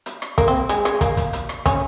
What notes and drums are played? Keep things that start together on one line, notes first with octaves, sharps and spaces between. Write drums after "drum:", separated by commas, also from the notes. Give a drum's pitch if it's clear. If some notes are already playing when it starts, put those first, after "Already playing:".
drum: hi-hat
drum: rim click
A#3, drum: kick, hi-hat
C4
G#3, drum: hi-hat
G#3, drum: rim click
A#3, drum: kick, hi-hat
drum: kick, hi-hat
drum: hi-hat
drum: rim click
C#4, drum: kick, hi-hat